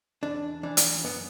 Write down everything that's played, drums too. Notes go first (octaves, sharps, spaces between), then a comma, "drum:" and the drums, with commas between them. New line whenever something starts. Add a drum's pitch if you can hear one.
E2 D4
E3 D4
drum: hi-hat
F#2 B3